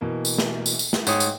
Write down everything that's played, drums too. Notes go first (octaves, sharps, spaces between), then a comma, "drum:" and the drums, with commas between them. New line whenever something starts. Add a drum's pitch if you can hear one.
B2 E3 A#3
drum: tambourine
drum: snare
drum: tambourine
drum: tambourine
drum: snare
G#2 C#5 G5 D#6, drum: tambourine
drum: tambourine